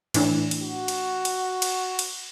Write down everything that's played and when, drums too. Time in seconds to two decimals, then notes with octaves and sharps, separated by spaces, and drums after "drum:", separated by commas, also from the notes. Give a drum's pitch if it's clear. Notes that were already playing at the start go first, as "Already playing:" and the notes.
0.14 A2 E3 D4, drum: cymbal
0.51 drum: cymbal
0.62 F#4
0.88 drum: cymbal
1.25 drum: cymbal
1.62 drum: cymbal
1.99 drum: cymbal